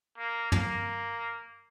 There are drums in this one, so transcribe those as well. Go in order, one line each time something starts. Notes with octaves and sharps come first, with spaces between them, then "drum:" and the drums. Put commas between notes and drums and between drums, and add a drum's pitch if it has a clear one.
A#3
A#3, drum: tom